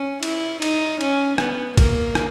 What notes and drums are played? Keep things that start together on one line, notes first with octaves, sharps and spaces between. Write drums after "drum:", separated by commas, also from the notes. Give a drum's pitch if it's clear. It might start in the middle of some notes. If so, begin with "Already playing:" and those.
Already playing: C#4
E4, drum: cymbal
D#4, drum: cymbal
C#4, drum: cymbal
B3, drum: rim click
A#3, drum: kick, cymbal
drum: rim click